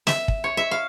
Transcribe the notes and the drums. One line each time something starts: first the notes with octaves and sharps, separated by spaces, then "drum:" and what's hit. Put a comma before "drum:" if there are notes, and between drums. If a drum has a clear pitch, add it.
E5, drum: snare
drum: kick
C#5
E5
F5